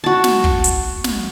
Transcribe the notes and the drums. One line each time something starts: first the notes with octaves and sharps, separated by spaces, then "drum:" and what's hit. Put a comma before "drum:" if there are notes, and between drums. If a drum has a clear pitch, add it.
F#4 A5
drum: snare
drum: kick
drum: hi-hat
drum: snare